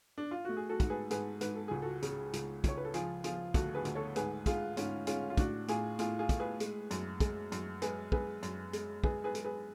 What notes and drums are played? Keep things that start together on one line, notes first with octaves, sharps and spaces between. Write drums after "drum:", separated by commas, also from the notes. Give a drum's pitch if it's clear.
D4
F4
A3 F#4
G#4
F#4 A4
G#2, drum: kick, hi-hat
G#4 B4
G#2 G#4 B4, drum: hi-hat
G#2 B4, drum: hi-hat
A4
C#2 G#4
F#4 A4
C#3, drum: hi-hat
C#2, drum: hi-hat
C#2 C#5, drum: kick, hi-hat
B4
A4
F3 F4 G#4, drum: hi-hat
F3 F4 G#4, drum: hi-hat
D2 F#4 A4, drum: kick, hi-hat
G#4 B4
D2, drum: hi-hat
A4 C#5
G#2 G#4 B4, drum: hi-hat
G#3 F4 G#4, drum: kick, hi-hat
G#2 C#4 F4, drum: hi-hat
G#3 C#4 F4, drum: hi-hat
F4
A2 D4 F#4, drum: kick, hi-hat
A2 F4 G#4, drum: hi-hat
A2 F4 G#4, drum: hi-hat
F4 G#4
A3, drum: kick, hi-hat
G#4 B4
G#3, drum: hi-hat
F#2, drum: hi-hat
G#3, drum: kick, hi-hat
F#2, drum: hi-hat
G#3 G#4 B4, drum: hi-hat
G#3 G#4 B4, drum: kick
F#2, drum: hi-hat
G#3, drum: hi-hat
G#3 G#4 B4, drum: kick
G#4 B4
G#3, drum: hi-hat
G#4 B4